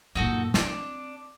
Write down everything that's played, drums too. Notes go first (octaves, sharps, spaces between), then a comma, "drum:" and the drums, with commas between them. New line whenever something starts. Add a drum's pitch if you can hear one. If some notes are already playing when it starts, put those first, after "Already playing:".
F#2 A#2 D#4 F#4 A4
C4 D4, drum: snare